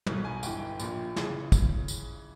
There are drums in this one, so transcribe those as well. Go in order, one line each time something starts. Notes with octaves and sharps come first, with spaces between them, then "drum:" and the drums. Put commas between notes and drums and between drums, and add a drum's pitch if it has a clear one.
B1 B2, drum: tom
G#5
G1 G2 E3 G5, drum: tambourine
A#1 A#2, drum: tambourine
C#3 E3, drum: snare
drum: kick, tambourine
drum: tambourine